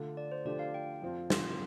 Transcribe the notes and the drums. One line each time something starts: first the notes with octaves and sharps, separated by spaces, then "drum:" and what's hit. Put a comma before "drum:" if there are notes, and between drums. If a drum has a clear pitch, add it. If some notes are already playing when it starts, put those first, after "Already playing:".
Already playing: D3 A3 F4
D5
C5
D3 F3 A3 D4 G4 D5
F5
G5
F2 F3 C4 F4
C6, drum: snare